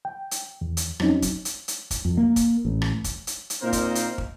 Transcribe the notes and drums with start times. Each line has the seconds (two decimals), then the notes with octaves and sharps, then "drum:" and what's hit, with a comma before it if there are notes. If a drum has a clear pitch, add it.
0.05 G5
0.31 drum: hi-hat
0.61 E2
0.77 drum: hi-hat
1.00 F2 F#3 C4 C#4 D#4, drum: rim click
1.22 drum: kick, hi-hat
1.45 drum: hi-hat
1.68 drum: hi-hat
1.91 drum: kick, hi-hat
2.05 F2
2.17 A#3
2.36 drum: kick, hi-hat
2.65 A1
2.82 drum: rim click
3.04 drum: kick, hi-hat
3.27 drum: hi-hat
3.50 drum: hi-hat
3.63 A#2 A#3 C4 D#4 A#4 C5
3.73 drum: kick, hi-hat
3.95 drum: hi-hat
4.18 drum: kick